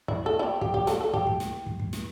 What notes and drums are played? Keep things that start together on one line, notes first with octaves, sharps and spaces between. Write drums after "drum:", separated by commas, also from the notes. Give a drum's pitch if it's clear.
E4, drum: kick
A4
E4
G4
G4, drum: kick
G4, drum: kick
A4, drum: snare
A4
G4, drum: kick
drum: kick
drum: snare
drum: kick
drum: kick
drum: snare